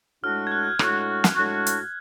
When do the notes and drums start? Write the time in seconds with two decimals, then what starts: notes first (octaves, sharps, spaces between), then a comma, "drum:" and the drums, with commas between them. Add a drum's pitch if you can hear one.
0.24 A2 G#3 D4 F#4 F6
0.47 G#6
0.52 F#6
0.79 A2 G#3 D4 F#4 F#6, drum: rim click
1.24 drum: snare
1.35 A2 G#3 D4 F#4
1.67 drum: hi-hat